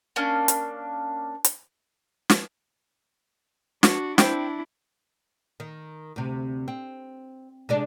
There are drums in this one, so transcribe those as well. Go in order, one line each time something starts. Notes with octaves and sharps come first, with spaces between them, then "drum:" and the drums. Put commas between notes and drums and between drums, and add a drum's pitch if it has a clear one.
A#3 C#4 D4
drum: hi-hat
drum: hi-hat
drum: snare
D4 F#4, drum: snare
C4 D4 E4 G5, drum: snare
D#3
D2 C3
C4
C3 G#3 D4